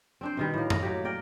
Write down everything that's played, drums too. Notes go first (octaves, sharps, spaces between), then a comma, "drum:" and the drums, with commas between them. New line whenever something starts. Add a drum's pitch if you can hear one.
C4 D4 C5
B2 D#3 G3
A2 A#3
D#5, drum: tom F#2
F#3 G4
A#4 D5 G5